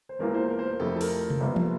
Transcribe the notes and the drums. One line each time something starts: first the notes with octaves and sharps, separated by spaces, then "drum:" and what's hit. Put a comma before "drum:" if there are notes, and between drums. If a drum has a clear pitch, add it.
C5
E1 E2 E3 A#3 F4 A#4
C5
A#4
C5
A#4
F2 C3 F3 A3 E4 A4
A4
A#4, drum: open hi-hat
drum: tom C3
G1 G2 F3 A#3 A4
drum: tom